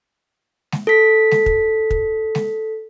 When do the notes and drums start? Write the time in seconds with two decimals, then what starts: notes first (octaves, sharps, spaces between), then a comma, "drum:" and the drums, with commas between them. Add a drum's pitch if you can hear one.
0.72 drum: snare G#3
0.87 A4 B6
1.31 drum: snare G#3
1.46 drum: kick
1.90 drum: kick
2.35 drum: snare G#3